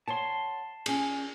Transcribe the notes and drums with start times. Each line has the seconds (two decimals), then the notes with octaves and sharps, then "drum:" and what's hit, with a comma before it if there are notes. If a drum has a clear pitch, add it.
0.08 C#5 F#5 A5 C6
0.86 C#4 G#4, drum: cymbal